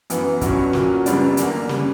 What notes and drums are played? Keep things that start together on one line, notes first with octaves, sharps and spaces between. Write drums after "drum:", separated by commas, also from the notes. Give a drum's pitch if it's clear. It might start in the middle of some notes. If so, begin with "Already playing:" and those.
F#2 E3 B3, drum: hi-hat
G2 F#3 C#4, drum: kick, hi-hat
A#2 F#3 C#4 F#4 A#4, drum: snare
F#2 C#3 G3 B3 D4, drum: hi-hat
E2 D3 A#3, drum: hi-hat
C#3 G3, drum: snare